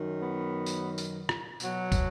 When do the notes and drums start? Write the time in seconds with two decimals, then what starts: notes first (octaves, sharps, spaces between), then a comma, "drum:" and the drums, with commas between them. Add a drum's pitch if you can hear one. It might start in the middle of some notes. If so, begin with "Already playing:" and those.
Already playing: F#2 D#3 F#3
0.19 B3
0.66 drum: tambourine
0.98 drum: tambourine
1.29 drum: rim click
1.60 B2 F#3, drum: tambourine
1.92 drum: kick, tambourine